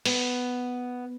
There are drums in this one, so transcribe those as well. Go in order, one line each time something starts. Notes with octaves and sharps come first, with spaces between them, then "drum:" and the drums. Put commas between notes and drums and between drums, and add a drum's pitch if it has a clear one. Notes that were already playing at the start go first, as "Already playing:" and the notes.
B3, drum: open hi-hat